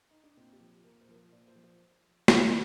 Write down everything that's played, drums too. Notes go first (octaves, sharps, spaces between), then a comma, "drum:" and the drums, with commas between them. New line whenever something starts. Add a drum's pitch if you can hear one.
D#4
D4
A#2 C4
G4
F3
A#2 A#4
C5
F3 A#4
C5
A#2 D5
C5
F3
C5
drum: snare